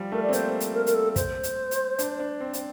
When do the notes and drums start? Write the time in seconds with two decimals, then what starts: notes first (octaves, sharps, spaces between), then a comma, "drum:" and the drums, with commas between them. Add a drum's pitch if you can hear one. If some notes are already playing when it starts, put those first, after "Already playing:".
Already playing: F3 G3
0.12 A3 A#4
0.23 D5
0.29 C4
0.33 A#3 C5, drum: hi-hat
0.60 drum: hi-hat
0.74 A#4
0.87 A#4, drum: hi-hat
0.95 A4
1.16 C5, drum: kick, hi-hat
1.43 drum: hi-hat
1.71 drum: hi-hat
1.99 D4, drum: hi-hat
2.20 D4
2.40 C4
2.53 C4, drum: hi-hat